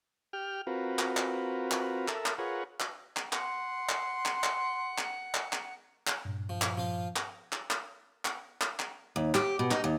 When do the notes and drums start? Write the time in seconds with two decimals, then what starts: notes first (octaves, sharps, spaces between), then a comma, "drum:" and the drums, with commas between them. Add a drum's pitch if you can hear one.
0.33 G4 G5 F6
0.67 C4 F4 F#4 A#4 B4
0.99 drum: clap
1.17 drum: clap
1.71 drum: clap
2.08 A4 A#4 E5, drum: clap
2.26 drum: clap
2.38 F4 G#4 A#4 B4 C#5 F#5
2.80 drum: clap
3.17 drum: clap
3.33 F#5 C6, drum: clap
3.89 drum: clap
4.26 drum: clap
4.44 drum: clap
4.98 drum: clap
5.34 drum: clap
5.53 drum: clap
6.07 drum: clap
6.25 G2 A#2
6.49 F3
6.62 drum: clap
6.77 F3 F4
7.16 drum: clap
7.52 drum: clap
7.71 drum: clap
8.25 drum: clap
8.61 drum: clap
8.79 drum: clap
9.16 D#2
9.35 G4, drum: clap
9.59 B2
9.71 D#4, drum: clap
9.84 D#2